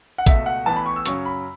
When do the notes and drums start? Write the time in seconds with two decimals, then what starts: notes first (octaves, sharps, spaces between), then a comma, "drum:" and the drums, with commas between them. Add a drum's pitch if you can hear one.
0.18 F#5
0.26 C#2 B2 A3 E5, drum: kick, hi-hat
0.46 F#5
0.66 A1 A2 E3 B3 A5
0.76 B5
0.86 C#6
0.96 E6
1.06 F#2 C#3 F#3 C#4 C#6, drum: hi-hat
1.26 B5